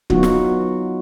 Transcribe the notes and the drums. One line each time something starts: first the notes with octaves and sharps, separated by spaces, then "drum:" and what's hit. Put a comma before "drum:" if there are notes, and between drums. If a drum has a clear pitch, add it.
F#3 B3 D#4 F4 F#4, drum: kick
drum: snare